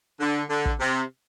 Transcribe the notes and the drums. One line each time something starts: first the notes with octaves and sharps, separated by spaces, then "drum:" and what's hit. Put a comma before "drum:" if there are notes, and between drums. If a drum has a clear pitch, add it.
D3
D3
drum: kick
C3